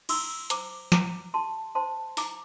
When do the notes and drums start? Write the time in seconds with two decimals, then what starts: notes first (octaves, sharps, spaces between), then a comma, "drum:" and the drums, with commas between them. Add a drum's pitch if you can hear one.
0.09 E4 C6 E6, drum: cymbal
0.50 C5 A#5 D6, drum: hi-hat
0.92 E4 A#5 D6, drum: snare
1.34 G4 A5 C6
1.75 C5 A5 C6
2.17 E4 A#5 D6, drum: open hi-hat